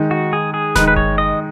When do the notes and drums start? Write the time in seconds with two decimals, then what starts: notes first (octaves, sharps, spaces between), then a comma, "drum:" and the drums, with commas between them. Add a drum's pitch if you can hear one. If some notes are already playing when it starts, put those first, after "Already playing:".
Already playing: D#3 G#3 D#4
0.11 F#4
0.33 G#4
0.54 G#4
0.76 D#3 G#3 D#4 B4, drum: snare D#1
0.88 B4
0.96 C#5, drum: kick G1
1.18 D#5